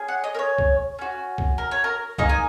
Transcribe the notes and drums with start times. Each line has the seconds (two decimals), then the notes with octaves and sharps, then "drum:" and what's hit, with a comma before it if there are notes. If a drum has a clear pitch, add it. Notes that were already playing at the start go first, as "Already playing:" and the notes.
Already playing: C#4 G#4
0.08 F#5
0.24 D#5
0.35 A#4
0.39 C#5
0.58 drum: kick C2
0.99 C#4 F#4
1.38 drum: kick C2
1.58 A#4
1.71 C#5
1.84 A#4
2.18 A#3 D#4 G#4 D#5, drum: kick C2
2.29 G#5